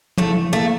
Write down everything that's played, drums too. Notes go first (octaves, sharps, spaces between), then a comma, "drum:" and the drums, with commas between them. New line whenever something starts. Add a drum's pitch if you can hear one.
A3 E4, drum: tom F3
E3
A3 A#3